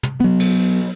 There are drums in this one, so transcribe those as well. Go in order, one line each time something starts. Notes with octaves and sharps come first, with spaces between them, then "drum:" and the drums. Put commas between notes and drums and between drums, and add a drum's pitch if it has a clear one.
drum: tom
F#3 B3
drum: cymbal